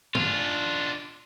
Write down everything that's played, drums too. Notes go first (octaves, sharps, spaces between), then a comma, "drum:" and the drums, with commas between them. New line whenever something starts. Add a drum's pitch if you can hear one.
D4 F4, drum: tom